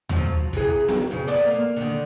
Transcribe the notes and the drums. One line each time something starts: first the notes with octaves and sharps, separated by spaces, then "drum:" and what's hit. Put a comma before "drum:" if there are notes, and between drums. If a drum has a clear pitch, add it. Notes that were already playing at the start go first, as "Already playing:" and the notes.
F3 F#3, drum: tom D#2
C3 E3 G#4, drum: kick
drum: snare B3
F2 C#3
B3 A4 D5
A#3
D3 D#3